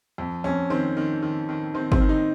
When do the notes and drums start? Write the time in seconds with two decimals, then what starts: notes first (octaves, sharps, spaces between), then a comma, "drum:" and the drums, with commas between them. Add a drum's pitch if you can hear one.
0.18 F2
0.44 F2 C#4
0.70 D#3 C4
0.97 D#3
1.22 D#3
1.49 D#3
1.74 D#3 C4
1.92 C4, drum: kick G1
2.01 D#3
2.09 D#4